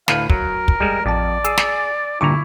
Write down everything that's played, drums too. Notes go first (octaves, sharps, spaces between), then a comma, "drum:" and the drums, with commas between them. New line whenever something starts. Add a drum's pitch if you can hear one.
D2 A2 B4 F5, drum: snare
F#3 A#4, drum: kick
drum: kick
G3 G#3
A1 F2 D5 A5
G#4 E6, drum: hi-hat
drum: snare
G2 A#2 D3 E4 A#5 C#6 D6